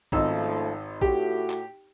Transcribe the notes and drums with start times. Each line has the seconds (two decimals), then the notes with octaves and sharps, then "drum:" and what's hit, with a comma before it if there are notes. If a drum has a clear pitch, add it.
0.12 G#1 C#3 F3 A3 D#4 E6, drum: kick A#1
1.01 A2 F#4 G4, drum: kick A#1
1.50 drum: clap